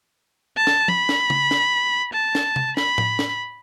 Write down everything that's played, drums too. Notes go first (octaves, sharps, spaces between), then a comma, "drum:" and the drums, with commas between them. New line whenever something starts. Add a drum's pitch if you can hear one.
A5
drum: snare
B5, drum: tom
drum: snare
drum: tom
drum: snare
A5
drum: snare
drum: tom C3
B5, drum: snare
drum: tom A2
drum: snare